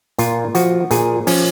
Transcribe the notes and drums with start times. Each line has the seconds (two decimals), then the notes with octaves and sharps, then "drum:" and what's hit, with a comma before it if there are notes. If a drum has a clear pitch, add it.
0.18 A#2 F4, drum: hi-hat
0.55 F3 F#4, drum: hi-hat
0.91 A#2 G#4, drum: hi-hat
1.27 F3 C#4, drum: open hi-hat